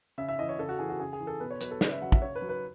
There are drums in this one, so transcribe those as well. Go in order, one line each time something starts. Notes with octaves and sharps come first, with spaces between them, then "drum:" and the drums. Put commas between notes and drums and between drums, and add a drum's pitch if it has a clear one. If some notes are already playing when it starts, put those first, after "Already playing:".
C#3 E5
E5
E3 D#5
C#5
C#3 A4
F#4
E3 G#4
F#4
C#3 G#4
G#4
E3
A4
B2 B4
C#5
F#3 B4, drum: hi-hat
A4
C#3 B4, drum: snare
E5
F#3 F#5
E5, drum: kick
C#3 C#5
B4
F#3
B4